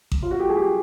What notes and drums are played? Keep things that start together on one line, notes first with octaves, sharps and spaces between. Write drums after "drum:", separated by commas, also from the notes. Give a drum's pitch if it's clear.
drum: kick A1
F4
F#4
G4
G#4
G4